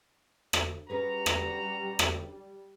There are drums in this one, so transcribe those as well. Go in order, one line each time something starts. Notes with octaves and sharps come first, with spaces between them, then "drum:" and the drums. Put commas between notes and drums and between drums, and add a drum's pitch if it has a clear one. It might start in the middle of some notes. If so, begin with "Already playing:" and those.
drum: rim click
G3 C#4 F#4 G#4 B4 A#5
drum: rim click
drum: rim click